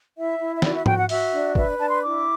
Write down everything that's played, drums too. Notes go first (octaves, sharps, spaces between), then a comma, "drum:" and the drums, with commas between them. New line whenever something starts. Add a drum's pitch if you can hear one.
E4 E5
E4
E5
F#4 D5, drum: snare
E5
F#4 G5, drum: tom G#2
F#5
F#4 E5, drum: open hi-hat
D4
B4 E5, drum: kick
D4 A5
C6
E4 D6